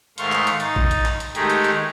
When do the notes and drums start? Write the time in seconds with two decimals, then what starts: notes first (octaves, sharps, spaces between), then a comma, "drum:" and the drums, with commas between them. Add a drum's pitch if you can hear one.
0.18 G#2 D#3 A3 F5 C6 C#6, drum: hi-hat
0.32 drum: clap
0.47 drum: hi-hat
0.60 D#4 A6, drum: hi-hat
0.76 drum: kick
0.91 drum: hi-hat
1.06 drum: clap
1.20 drum: hi-hat
1.35 D#3 G#3 A3 D#4 G4 G#4, drum: hi-hat
1.50 drum: hi-hat
1.64 drum: hi-hat